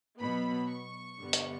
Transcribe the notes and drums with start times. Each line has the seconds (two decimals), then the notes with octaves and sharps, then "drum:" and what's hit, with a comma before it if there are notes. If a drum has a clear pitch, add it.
0.21 B2 F#3 B3 B5
0.69 C#6
1.18 G2 D3 G3 B3
1.33 drum: hi-hat